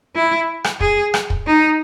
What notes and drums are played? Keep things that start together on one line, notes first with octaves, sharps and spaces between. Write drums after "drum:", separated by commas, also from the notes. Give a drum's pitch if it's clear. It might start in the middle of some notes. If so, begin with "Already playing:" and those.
E4
drum: rim click
G#4, drum: kick
drum: rim click
drum: kick
D#4